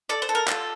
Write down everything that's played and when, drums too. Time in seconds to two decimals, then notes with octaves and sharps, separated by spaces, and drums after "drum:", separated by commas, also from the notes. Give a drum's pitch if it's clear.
0.09 A4 D5
0.22 C5
0.29 A4
0.35 A#4
0.48 F4 A4, drum: clap